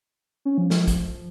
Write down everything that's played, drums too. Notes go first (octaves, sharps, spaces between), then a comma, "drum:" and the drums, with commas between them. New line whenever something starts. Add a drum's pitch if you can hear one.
C#4
F3
F3, drum: snare
drum: kick, hi-hat